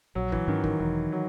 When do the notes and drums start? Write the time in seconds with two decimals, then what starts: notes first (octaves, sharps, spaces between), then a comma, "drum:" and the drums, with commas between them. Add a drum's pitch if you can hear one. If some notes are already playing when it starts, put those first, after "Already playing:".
0.15 A#1 F#3
0.32 E3, drum: kick
0.48 G#2 D#3 F#3 C#4
0.64 D#3, drum: kick
0.80 E1 E3
1.12 F#3